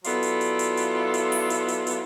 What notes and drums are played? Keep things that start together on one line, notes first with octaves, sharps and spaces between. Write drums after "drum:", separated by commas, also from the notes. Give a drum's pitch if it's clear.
F#3 B3 E4 F4 A4 D5, drum: hi-hat
drum: hi-hat
drum: hi-hat
drum: hi-hat
drum: hi-hat
drum: hi-hat
drum: open hi-hat
drum: hi-hat
drum: hi-hat
drum: hi-hat